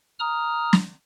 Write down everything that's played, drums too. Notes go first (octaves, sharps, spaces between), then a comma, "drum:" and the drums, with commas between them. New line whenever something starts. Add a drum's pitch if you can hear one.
A#5 D#6 F6
drum: snare